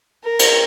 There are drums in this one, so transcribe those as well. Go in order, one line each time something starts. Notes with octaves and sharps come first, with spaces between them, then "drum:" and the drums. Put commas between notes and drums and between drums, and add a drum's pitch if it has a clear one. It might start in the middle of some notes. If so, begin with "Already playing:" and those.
A#4
drum: cymbal